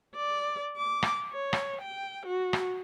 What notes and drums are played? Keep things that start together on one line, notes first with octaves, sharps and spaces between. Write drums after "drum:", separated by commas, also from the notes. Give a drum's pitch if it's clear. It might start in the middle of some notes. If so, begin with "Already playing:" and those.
D5
D6
drum: rim click
C#5
drum: rim click
G5
F#4
drum: rim click